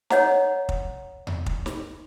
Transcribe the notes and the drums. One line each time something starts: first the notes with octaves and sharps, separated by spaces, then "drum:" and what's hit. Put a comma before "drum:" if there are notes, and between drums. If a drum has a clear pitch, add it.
C#5 D#5 F#5 A#5, drum: snare
drum: kick
drum: tom E2
drum: kick
drum: snare